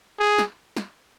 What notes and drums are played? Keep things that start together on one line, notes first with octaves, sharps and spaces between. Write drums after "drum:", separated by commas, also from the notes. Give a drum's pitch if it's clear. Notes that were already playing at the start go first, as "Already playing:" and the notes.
G#4
drum: snare
drum: snare